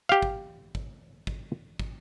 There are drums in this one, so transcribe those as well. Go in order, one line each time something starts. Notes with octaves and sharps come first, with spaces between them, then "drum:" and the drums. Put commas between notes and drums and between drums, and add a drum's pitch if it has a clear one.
G4 F5
drum: kick
drum: kick
drum: kick
drum: kick